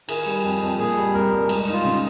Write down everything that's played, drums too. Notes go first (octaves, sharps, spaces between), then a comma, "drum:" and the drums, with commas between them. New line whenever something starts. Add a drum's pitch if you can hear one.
D#3 G#4, drum: cymbal
G3
F2
F2
A#2 G#4
G3
C2 A#4
C2
G#3, drum: cymbal
D#4
F4
C#3